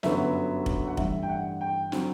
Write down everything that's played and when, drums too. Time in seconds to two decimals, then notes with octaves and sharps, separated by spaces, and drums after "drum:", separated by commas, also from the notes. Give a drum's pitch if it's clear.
0.03 G1 F#2 D3 F#3 B3 E5, drum: snare
0.66 drum: kick F1
0.87 F#5
0.97 A1 G2 D3 G3 E5, drum: kick F1
1.23 G5
1.29 F#5
1.61 G5
1.92 D3 F#3 C4, drum: snare